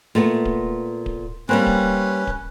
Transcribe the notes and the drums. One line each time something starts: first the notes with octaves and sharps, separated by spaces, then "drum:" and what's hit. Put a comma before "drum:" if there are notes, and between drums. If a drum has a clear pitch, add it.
A#2 A3 B3
drum: kick D1
drum: kick D1
G3 A#3 C4 C#4 B4
drum: kick D1
drum: kick D1